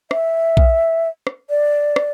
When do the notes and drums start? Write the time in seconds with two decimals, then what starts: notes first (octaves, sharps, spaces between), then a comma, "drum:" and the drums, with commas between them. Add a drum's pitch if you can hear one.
0.11 E5, drum: rim click
0.57 drum: kick B1
1.27 drum: rim click
1.50 D5
1.96 drum: rim click